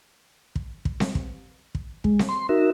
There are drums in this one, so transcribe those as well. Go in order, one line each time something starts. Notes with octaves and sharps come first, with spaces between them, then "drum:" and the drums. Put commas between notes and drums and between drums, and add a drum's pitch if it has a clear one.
drum: kick
drum: kick
drum: snare C4
drum: kick
drum: kick
G#3, drum: kick
drum: snare C4
C6
D#4 F#4 A#4 E5